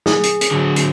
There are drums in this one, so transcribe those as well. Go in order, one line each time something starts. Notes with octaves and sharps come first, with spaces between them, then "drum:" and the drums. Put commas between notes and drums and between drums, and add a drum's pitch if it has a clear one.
G#4, drum: snare
drum: hi-hat
drum: hi-hat
D3 F#3
drum: hi-hat